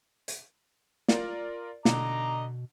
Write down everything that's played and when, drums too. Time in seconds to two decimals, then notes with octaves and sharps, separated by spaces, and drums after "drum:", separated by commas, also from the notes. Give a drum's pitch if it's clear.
0.28 drum: hi-hat
1.08 F4 A#4 D5, drum: snare
1.85 B2 D3 D#5 A#5 D6, drum: snare